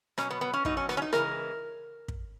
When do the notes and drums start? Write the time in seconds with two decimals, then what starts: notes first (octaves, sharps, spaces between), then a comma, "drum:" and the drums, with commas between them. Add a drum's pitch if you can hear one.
0.18 B2 F#3 C#4, drum: rim click
0.30 B3
0.41 B3
0.54 C#4
0.65 B2 F#3 D#4, drum: kick
0.77 C#4
0.89 B3, drum: rim click
0.97 C#4
1.02 D#4
1.13 C#3 E3 G#3 A#4, drum: rim click
2.08 drum: kick